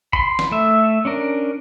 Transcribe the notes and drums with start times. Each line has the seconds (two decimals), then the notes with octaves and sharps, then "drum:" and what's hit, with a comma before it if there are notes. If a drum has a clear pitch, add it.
0.13 B5 C6, drum: kick
0.39 drum: snare
0.51 A3 E5
1.05 C#4 D4 A#4